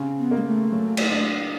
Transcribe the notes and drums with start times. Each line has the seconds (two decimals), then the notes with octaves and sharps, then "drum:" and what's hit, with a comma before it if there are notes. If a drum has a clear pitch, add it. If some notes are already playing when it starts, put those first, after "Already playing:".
Already playing: C#3 C4
0.19 B3
0.31 A#3
0.37 G#3
0.46 A3
0.72 F#3
0.97 drum: cymbal
1.12 D4